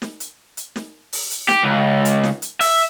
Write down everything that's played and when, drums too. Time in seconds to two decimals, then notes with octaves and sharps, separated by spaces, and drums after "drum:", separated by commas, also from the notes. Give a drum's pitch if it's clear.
0.02 drum: snare
0.20 drum: hi-hat
0.57 drum: hi-hat
0.76 drum: snare
1.13 drum: open hi-hat
1.31 drum: hi-hat
1.49 G4, drum: snare
1.64 C#2
2.05 drum: hi-hat
2.23 drum: snare
2.42 drum: hi-hat
2.60 E5, drum: open hi-hat